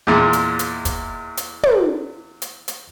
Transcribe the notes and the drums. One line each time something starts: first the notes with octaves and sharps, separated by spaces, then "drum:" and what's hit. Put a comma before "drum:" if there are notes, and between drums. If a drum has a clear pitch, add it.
E2 A#2 G#3
drum: hi-hat
drum: hi-hat
drum: kick, hi-hat
drum: hi-hat
drum: tom
drum: hi-hat
drum: hi-hat